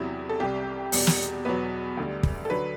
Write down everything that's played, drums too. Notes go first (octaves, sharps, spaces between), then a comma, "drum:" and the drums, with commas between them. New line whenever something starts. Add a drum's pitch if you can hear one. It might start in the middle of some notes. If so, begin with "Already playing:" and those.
Already playing: E2 C3 F#3 E4
A4
C2 C3 G3 G4
E2 B2 G3, drum: open hi-hat
drum: snare
E2 B2 F#3 B4
D2 D3 G3
drum: kick
A4
D3 F#3 B4